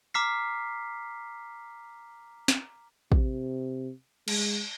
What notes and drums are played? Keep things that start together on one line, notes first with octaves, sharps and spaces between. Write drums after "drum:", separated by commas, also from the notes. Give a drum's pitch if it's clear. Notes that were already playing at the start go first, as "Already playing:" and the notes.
A#5 D6 F6 B6 C7
drum: snare
C3, drum: kick
G#3, drum: cymbal